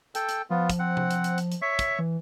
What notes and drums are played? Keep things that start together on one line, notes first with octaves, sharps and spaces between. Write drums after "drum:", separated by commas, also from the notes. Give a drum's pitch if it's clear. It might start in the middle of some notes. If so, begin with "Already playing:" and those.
A4 G5, drum: hi-hat
drum: hi-hat
F3 B3 F4
drum: kick, hi-hat
C4 F#5
drum: tom C3
drum: hi-hat
drum: hi-hat
drum: hi-hat
drum: hi-hat
C#5 E5 C#6 B6
drum: kick, hi-hat
E3